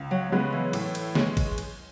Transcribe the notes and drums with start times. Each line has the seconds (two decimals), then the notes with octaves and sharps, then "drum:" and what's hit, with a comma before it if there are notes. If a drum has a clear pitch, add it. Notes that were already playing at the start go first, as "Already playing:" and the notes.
Already playing: C#2
0.11 F#3
0.32 C#3 F#3 G#3 B3
0.53 E3
0.73 A2, drum: cymbal
0.95 drum: cymbal
1.15 G#3 C#4, drum: snare
1.37 drum: kick, cymbal
1.58 drum: cymbal